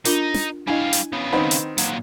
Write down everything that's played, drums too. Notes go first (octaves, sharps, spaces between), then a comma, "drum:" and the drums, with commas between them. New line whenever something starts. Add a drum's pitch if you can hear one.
D4 D#4 F4 A#4, drum: hi-hat
drum: snare
G3 D4 E4 D#5 F5 G#5
drum: hi-hat
C#3 B3
D#3 C4 D#4 B4 F#5
drum: hi-hat
A#2 F#3, drum: hi-hat